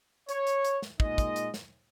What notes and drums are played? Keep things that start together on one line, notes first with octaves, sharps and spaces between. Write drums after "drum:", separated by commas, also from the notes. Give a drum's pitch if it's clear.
C#5, drum: hi-hat
drum: hi-hat
drum: hi-hat
drum: snare
A#2 G#3 D#4 D#5, drum: kick
drum: kick, hi-hat
drum: hi-hat
drum: snare